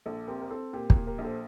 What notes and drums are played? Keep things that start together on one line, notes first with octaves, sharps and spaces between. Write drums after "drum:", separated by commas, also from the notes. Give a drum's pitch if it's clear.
A#1 A4
C4 G4 A#4
A#4
C4 A4
A#2 G4
G4 A#4, drum: kick
A#2
G4 A#4
A#1
A4 C5